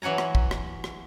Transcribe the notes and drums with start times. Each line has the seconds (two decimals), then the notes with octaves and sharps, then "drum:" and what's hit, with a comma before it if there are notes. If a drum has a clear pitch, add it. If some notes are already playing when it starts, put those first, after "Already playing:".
0.02 E3 F#3 F#5 G#5 A#5
0.18 drum: rim click
0.35 drum: kick
0.51 drum: rim click
0.84 drum: rim click